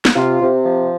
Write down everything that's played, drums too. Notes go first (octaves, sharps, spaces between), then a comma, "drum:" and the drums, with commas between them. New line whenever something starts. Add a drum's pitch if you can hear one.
drum: snare
C3 F4
C3
F3